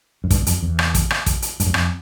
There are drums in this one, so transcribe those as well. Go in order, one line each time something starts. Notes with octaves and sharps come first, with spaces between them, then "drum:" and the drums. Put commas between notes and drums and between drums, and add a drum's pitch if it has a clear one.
F#2
G2, drum: kick, hi-hat
E2
F2, drum: hi-hat
E2
drum: rim click
drum: kick, hi-hat
drum: rim click
drum: kick, hi-hat
drum: hi-hat
G2, drum: hi-hat
F#2
F2, drum: rim click